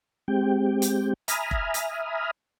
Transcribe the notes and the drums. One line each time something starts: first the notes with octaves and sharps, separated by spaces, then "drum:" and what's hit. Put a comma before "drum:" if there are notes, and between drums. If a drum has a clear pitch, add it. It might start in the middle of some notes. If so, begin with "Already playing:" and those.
G#3 C4 G4 G5
drum: hi-hat
E5 G#5 A#5 B5 D#6 F6, drum: hi-hat
drum: kick F1
drum: hi-hat